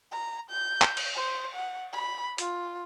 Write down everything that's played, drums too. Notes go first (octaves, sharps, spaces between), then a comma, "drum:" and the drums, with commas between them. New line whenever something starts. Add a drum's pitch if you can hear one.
A#5
G6
drum: clap
drum: cymbal
C5
F#5
B5
F4, drum: hi-hat